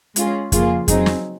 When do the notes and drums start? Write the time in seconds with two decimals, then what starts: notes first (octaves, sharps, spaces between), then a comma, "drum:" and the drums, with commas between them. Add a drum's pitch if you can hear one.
0.16 G#3 C#4 F4 G#4, drum: hi-hat
0.52 C#3 F3 A#3 F4 G#4, drum: kick F2, hi-hat
0.88 F#3 C4 D#4 G#4, drum: kick F2, hi-hat
1.06 drum: snare